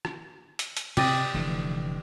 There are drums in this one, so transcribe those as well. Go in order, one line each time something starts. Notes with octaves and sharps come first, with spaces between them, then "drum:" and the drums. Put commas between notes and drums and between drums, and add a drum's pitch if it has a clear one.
drum: rim click
drum: hi-hat
drum: hi-hat
C3 C4 G4 D5 D#5, drum: cymbal
F1 D3 E3